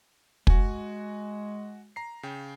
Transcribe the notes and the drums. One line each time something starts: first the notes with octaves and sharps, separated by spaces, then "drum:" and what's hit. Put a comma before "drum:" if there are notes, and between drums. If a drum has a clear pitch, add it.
G#3 F#4 G#5, drum: kick
A#5 C7
C#3 G5